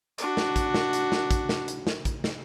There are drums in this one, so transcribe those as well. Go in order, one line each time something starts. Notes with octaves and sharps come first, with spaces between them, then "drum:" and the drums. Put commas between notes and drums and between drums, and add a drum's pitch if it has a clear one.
D4 F#4, drum: hi-hat
drum: snare
drum: kick, hi-hat
drum: snare
drum: hi-hat
drum: snare
drum: kick, hi-hat
drum: snare
drum: hi-hat
drum: snare
drum: kick, hi-hat
drum: snare